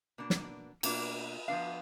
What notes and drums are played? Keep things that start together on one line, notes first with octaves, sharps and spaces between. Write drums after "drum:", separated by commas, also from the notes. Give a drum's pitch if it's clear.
B2 A#3 D4
drum: snare
B2 A#3 D4, drum: cymbal
F3 B3 D4 F5